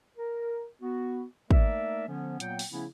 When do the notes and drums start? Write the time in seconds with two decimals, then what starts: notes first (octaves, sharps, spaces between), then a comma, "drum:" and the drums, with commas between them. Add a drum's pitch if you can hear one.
0.17 A#4
0.81 B3 F#4
1.51 A3 A#3 D#4 A#4 D5 E5, drum: kick
2.08 D3 F3 B3 C#4
2.40 A#2 F#3 A#3 B3 F#5 G5, drum: hi-hat
2.59 drum: open hi-hat
2.72 C#3 F3 A3 B3 C#4 E4